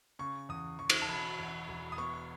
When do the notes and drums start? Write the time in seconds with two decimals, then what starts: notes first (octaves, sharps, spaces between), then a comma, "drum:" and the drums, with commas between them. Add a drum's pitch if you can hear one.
0.19 C#3 C#6
0.49 E2 D#6
0.79 E2 C#6
0.90 drum: cymbal
1.02 A5
1.09 E1 B5
1.39 E2
1.69 E1
1.92 D#6
1.98 B3 C#6